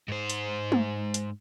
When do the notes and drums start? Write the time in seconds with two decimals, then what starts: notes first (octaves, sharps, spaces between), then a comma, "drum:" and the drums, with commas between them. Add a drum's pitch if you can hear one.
0.08 G#2 C5
0.30 drum: hi-hat
0.72 drum: tom
1.14 drum: hi-hat